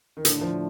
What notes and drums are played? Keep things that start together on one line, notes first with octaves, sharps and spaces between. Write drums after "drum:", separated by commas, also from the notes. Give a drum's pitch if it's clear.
D#3
A2 D3 A3 D4, drum: hi-hat
F3